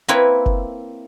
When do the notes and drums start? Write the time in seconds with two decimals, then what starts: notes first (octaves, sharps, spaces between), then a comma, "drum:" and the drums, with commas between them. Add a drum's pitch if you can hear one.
0.08 A#3 C4 E4 B4 C#5 E5
0.46 drum: kick F#1